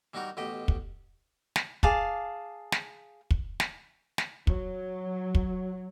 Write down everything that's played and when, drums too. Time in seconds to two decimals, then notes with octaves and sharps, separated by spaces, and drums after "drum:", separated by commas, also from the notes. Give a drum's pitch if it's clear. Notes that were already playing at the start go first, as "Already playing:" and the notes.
0.14 E3 G3 D#4 F#4 A#4
0.37 A1 B2 G4 D#5
0.68 drum: kick
1.56 drum: snare
1.83 G#4 F5 A5 D6, drum: kick
2.72 drum: snare
3.31 drum: kick
3.60 drum: snare
4.18 drum: snare
4.47 F#3, drum: kick
5.35 drum: kick